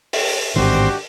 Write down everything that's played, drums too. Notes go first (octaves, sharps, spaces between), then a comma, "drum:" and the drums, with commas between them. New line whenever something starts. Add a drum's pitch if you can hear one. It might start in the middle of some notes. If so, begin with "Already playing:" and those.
drum: open hi-hat
A1 G#2 D#3 C4 D4 F#4 G4